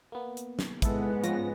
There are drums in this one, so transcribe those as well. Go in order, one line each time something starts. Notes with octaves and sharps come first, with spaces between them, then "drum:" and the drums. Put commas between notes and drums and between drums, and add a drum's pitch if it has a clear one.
A#3 B3
drum: hi-hat
drum: snare
G#2 G#3 B3 E4 A4, drum: kick, hi-hat
F3 C#4 A#6, drum: hi-hat